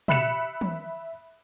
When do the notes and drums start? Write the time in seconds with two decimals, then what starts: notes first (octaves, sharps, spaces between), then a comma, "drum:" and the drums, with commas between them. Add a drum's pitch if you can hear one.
0.08 E5 B5 F#6 C#7 E7, drum: tom
0.61 drum: tom